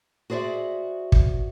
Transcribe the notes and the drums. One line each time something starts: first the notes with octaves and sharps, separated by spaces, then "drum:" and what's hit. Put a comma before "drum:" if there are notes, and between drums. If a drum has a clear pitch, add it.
F#4 G#4 C5 D5 E5
drum: kick